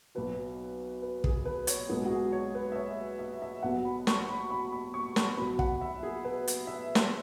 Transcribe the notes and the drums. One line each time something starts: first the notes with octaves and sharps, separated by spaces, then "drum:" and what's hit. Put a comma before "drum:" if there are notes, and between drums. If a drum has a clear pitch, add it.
B1 B2 F#3 B4
B4
G#4, drum: kick
B4
C#5, drum: hi-hat
B1 B2 G#3 B3 G#4
F#4
G#4
C#5
B4
E5
C#5
E5
E5
B1 B2 F#3 B3 F#5
B5
C#6, drum: snare
B5
B5
B5
C#6
C#6, drum: snare
B1 B2 B3 B5
F#5, drum: kick
E5
G#4
B4
drum: hi-hat
E5
drum: snare